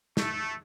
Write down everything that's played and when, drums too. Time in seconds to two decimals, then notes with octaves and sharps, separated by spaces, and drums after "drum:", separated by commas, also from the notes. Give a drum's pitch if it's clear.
0.17 A3, drum: snare